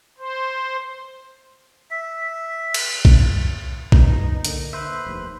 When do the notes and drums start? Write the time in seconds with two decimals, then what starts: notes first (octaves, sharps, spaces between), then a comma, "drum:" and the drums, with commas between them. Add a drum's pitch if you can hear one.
0.18 C5
1.91 E5
2.74 drum: cymbal
3.05 drum: kick
3.92 B1 G#2 B2 D#4, drum: kick
4.45 D3 A#3, drum: hi-hat
4.73 B4 C5 E5
5.06 F1 D#2